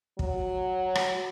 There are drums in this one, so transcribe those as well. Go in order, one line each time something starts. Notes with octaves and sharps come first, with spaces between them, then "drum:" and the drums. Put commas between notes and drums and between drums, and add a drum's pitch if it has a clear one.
F#3, drum: kick
drum: rim click